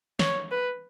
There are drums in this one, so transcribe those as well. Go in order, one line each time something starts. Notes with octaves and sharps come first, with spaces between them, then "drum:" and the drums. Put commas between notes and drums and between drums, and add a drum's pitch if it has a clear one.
C#5, drum: snare
B4